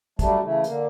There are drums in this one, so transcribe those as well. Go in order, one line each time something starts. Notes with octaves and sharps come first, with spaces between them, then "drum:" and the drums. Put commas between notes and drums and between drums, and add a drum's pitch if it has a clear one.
F#3 G3 A3 D4, drum: kick, hi-hat
C#3 E3 A3
D3 A#3, drum: hi-hat